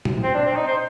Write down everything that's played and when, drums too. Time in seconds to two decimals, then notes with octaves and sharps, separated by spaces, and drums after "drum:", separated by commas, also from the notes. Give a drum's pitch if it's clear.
0.05 drum: tom A#2
0.23 C4
0.34 D4
0.46 C4
0.56 D#4
0.67 C5